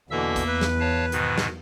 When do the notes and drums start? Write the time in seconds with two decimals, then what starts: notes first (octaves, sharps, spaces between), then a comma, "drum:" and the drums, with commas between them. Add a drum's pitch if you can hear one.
0.11 E2 B2 D3 E3 A#3 E5 E6
0.36 drum: kick, hi-hat
0.47 B4
0.61 drum: snare
0.80 C#5 F5 A5
1.12 G#2 B2 D#3, drum: hi-hat
1.38 drum: snare